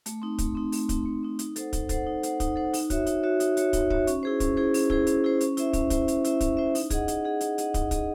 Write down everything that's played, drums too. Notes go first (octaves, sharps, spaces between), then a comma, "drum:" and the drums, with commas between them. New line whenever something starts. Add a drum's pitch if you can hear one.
A3, drum: hi-hat
C4 D#4
A3, drum: kick, hi-hat
C4 D#4
A3, drum: open hi-hat
C4 D#4, drum: kick, hi-hat
A3
C4 D#4
D#4, drum: hi-hat
A4 C5 F#5, drum: hi-hat
D#4, drum: kick, hi-hat
A4 C5 F#5, drum: kick, hi-hat
D#4
A4 C5 F#5, drum: hi-hat
D#4, drum: kick, hi-hat
A4 C5 F#5
D#4, drum: open hi-hat
F#4 C#5 E5, drum: kick, hi-hat
D#4, drum: hi-hat
F#4 C#5 E5
D#4, drum: hi-hat
F#4 C#5 E5, drum: hi-hat
D#4, drum: kick, hi-hat
F#4 C#5 E5, drum: kick
C#4, drum: hi-hat
E4 G#4 C5
C#4, drum: kick, hi-hat
E4 G#4 C5
C#4, drum: open hi-hat
E4 G#4 C5, drum: kick
C#4, drum: hi-hat
E4 G#4 C5
C#4, drum: hi-hat
E4 C5 E5, drum: hi-hat
C#4, drum: kick, hi-hat
E4 C5 E5, drum: kick, hi-hat
C#4, drum: hi-hat
E4 C5 E5, drum: hi-hat
C#4, drum: kick, hi-hat
E4 C5 E5
D#4, drum: open hi-hat
G#4 D#5 F#5, drum: kick, hi-hat
D#4, drum: hi-hat
G#4 D#5 F#5
D#4, drum: hi-hat
G#4 D#5 F#5, drum: hi-hat
D#4, drum: kick, hi-hat
G#4 D#5 F#5, drum: kick, hi-hat